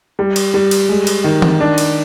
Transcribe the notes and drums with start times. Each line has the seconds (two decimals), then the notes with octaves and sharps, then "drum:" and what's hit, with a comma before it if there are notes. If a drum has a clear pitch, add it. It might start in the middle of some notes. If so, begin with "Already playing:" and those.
0.19 G3
0.36 drum: cymbal
0.54 G3
0.71 drum: cymbal
0.89 G#3
1.07 drum: cymbal
1.24 D#3
1.42 drum: tom E3
1.61 D4
1.78 drum: cymbal